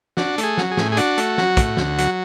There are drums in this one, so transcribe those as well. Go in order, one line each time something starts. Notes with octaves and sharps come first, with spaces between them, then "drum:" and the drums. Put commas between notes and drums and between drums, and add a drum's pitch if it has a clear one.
D4 F#4, drum: snare
A3, drum: hi-hat
G#4
F#3, drum: snare
G#4
A2, drum: snare
G#4
D4 F#4, drum: hi-hat
A3, drum: hi-hat
F#3, drum: snare
A2, drum: kick, hi-hat
D2, drum: snare
F#3, drum: hi-hat